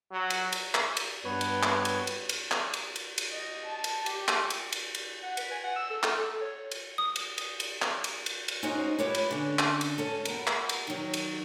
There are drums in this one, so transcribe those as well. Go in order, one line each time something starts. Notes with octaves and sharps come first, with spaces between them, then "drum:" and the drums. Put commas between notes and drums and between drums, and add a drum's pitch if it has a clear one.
F#3
drum: cymbal
drum: cymbal
drum: clap
drum: cymbal
G2 B3 B4 C#5
drum: cymbal
drum: clap
drum: cymbal
drum: cymbal
drum: cymbal
drum: clap
drum: cymbal
drum: cymbal
drum: cymbal
D#5
A5
drum: cymbal
G4, drum: cymbal
drum: clap
drum: cymbal
drum: cymbal
drum: cymbal
F#5
B4, drum: cymbal
G#5
F#5
E6
A4
A4, drum: clap
A4
C#5
drum: cymbal
D#6
drum: cymbal
drum: cymbal
drum: cymbal
drum: clap
drum: cymbal
drum: cymbal
drum: cymbal
C#4 D#4 F4 F#4 C5
E4 F4 G4 B4 C#5
drum: cymbal
D3 C#4
drum: clap
drum: cymbal
C#4 A4
B3 A#4, drum: cymbal
drum: clap
drum: cymbal
D#3 F#3
drum: cymbal